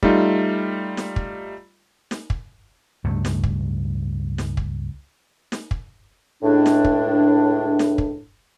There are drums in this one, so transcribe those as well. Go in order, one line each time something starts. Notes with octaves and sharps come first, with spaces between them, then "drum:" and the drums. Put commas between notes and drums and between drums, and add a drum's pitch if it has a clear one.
G3 A3 D#4 F4, drum: kick
drum: snare
drum: kick
drum: snare
drum: kick
C#2 G2 A3
drum: snare
drum: kick
drum: snare
drum: kick
drum: snare
drum: kick
C#2 A2 D4
drum: snare
drum: kick
drum: snare
drum: kick